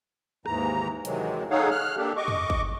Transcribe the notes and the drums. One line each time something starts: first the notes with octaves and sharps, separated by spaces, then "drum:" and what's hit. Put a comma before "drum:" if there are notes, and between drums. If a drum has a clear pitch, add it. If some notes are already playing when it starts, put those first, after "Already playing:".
D#2 G#2 E3 A#5, drum: rim click
C3 D#3 E3 F#3 G#3, drum: hi-hat
D#4 G#4 A4 C#5 F5 F#5
F6 F#6
A#3 D4 G4 A4
D#5 C#6 D6
drum: tom
drum: kick G1